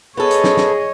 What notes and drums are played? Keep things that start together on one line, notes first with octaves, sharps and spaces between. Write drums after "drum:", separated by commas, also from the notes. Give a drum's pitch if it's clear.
B3 G#4 A4 C#5 D#5
drum: hi-hat
drum: snare
drum: snare